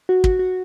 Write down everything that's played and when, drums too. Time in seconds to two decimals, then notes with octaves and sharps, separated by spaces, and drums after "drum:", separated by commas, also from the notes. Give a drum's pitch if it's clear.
0.09 F#4
0.24 F#4, drum: kick
0.39 F#4